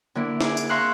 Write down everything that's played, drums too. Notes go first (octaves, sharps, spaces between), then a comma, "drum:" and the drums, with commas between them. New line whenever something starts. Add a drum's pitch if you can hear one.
D3 A#3 E4
G#4 D5, drum: snare
drum: tambourine
E5 F5 A#5 C6 C#6 F#6